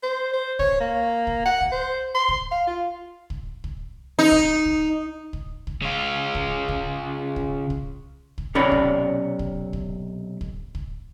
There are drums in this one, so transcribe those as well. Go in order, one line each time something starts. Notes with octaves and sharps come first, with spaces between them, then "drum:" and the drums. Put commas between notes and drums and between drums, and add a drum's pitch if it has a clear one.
C5
C5
C#5, drum: kick
A#3
drum: kick
F#5
drum: kick
C5
C6
drum: kick
F5
F4
drum: kick
drum: kick
D#4
drum: kick
drum: kick
drum: kick
drum: kick
C#3 F4
drum: kick
drum: kick
drum: kick
drum: kick
drum: kick
B1 C3 C#4 A#4 D5 B5
drum: kick
drum: kick
drum: kick
drum: kick
drum: kick